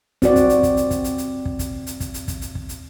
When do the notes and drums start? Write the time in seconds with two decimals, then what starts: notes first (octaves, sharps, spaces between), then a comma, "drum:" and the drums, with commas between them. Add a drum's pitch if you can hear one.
0.22 C4 F#4 D5, drum: hi-hat
0.36 drum: kick, hi-hat
0.49 drum: hi-hat
0.63 drum: kick, hi-hat
0.77 drum: hi-hat
0.91 drum: kick, hi-hat
1.04 drum: hi-hat
1.18 drum: hi-hat
1.45 drum: kick
1.59 drum: kick, hi-hat
1.87 drum: hi-hat
2.00 drum: kick, hi-hat
2.14 drum: hi-hat
2.28 drum: kick, hi-hat
2.41 drum: hi-hat
2.55 drum: kick
2.69 drum: hi-hat